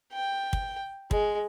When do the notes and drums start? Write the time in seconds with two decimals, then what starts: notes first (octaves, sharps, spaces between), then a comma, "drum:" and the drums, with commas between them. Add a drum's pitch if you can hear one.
0.13 G5
0.53 drum: kick
1.11 G#3, drum: kick